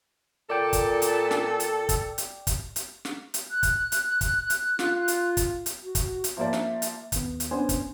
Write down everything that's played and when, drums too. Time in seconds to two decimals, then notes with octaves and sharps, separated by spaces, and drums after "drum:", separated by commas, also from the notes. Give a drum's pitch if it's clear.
0.50 A#2 A4 D5 G5
0.73 drum: kick, hi-hat
1.02 drum: hi-hat
1.31 drum: snare
1.60 drum: hi-hat
1.89 drum: kick, hi-hat
2.18 drum: hi-hat
2.47 drum: kick, hi-hat
2.76 drum: hi-hat
3.05 drum: snare
3.34 drum: hi-hat
3.51 F#6
3.63 drum: kick, hi-hat
3.92 drum: hi-hat
4.21 drum: kick, hi-hat
4.50 drum: hi-hat
4.79 F4, drum: snare
5.08 drum: hi-hat
5.37 drum: kick, hi-hat
5.66 drum: hi-hat
5.83 F#4
5.95 drum: kick, hi-hat
6.24 drum: hi-hat
6.37 F3 A#3 D5 E5
6.53 drum: snare
6.82 drum: hi-hat
7.12 D#2 B3, drum: kick, hi-hat
7.40 drum: hi-hat
7.51 B3 C#4 D4 C5 G#5
7.69 drum: kick, hi-hat